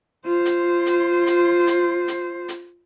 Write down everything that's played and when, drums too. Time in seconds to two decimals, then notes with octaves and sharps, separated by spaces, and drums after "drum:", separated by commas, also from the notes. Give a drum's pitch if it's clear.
0.25 F4 C5
0.45 drum: hi-hat
0.86 drum: hi-hat
1.27 drum: hi-hat
1.67 drum: hi-hat
2.08 drum: hi-hat
2.48 drum: hi-hat